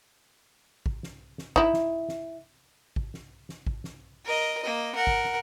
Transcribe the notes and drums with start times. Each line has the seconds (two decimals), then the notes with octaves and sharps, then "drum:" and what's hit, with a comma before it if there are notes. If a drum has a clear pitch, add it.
0.86 drum: kick
1.03 drum: snare
1.38 drum: snare
1.56 D#4 E4, drum: kick
1.73 drum: snare
2.09 drum: snare
2.96 drum: kick
3.14 drum: snare
3.49 drum: snare
3.67 drum: kick
3.84 drum: snare
4.26 A#4 D#5
4.62 A#3 D#5
4.95 A#4 F#5
5.07 drum: kick
5.25 drum: snare